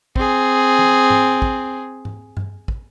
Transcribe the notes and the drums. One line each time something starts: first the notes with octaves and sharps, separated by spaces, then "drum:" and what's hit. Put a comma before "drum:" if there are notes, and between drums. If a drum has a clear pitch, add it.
C4 G#4, drum: kick
drum: tom E3
drum: tom G#2
drum: kick
drum: tom G#2
drum: tom G2
drum: kick